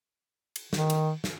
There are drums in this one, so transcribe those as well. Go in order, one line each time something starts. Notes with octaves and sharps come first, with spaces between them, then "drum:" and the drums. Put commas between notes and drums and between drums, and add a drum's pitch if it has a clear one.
drum: cymbal
D#3, drum: snare
drum: cymbal
drum: snare